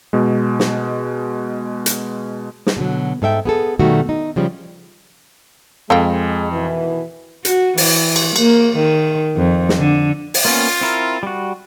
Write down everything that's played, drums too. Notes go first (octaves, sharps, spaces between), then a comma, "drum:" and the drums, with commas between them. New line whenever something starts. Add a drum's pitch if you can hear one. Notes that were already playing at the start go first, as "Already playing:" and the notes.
B2 G#3
drum: snare
drum: hi-hat
drum: snare
B2 D3 F#3
G#2 A4 E5 G5
B3 G#4 A4
B2 D#3 G3 A3 F#4
D#4
C#3 F3 G3
F2 G#3 A4 F5 G5
B2 D#3 E3
F#4, drum: hi-hat
E3, drum: open hi-hat
drum: cymbal
A#3, drum: cymbal
D#3
F2
drum: snare
D3
drum: open hi-hat
A#3 B3 C#4 F4
C4 E4 A#4
G3 F#4